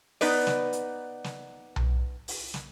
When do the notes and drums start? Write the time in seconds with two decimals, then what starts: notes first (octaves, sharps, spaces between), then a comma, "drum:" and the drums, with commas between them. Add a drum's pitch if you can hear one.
0.21 B3 D#4 B4 D5, drum: open hi-hat
0.47 drum: snare
0.73 drum: hi-hat
1.24 drum: snare
1.76 drum: tom B1
2.28 drum: open hi-hat
2.54 drum: snare